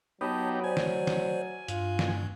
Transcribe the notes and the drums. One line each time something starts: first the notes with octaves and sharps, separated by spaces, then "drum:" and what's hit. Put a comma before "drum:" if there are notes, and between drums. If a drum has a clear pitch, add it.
F#3 B3 D#4 G4 C#5 A5
C5 D5 G#5
drum: snare
drum: snare
G2 F4, drum: hi-hat
drum: snare